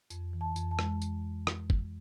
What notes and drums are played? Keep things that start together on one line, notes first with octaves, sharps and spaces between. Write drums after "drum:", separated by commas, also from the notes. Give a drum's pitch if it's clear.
F2, drum: tambourine
E3
A5
F2, drum: tambourine
A5
G#3, drum: rim click
drum: tambourine
drum: rim click
drum: kick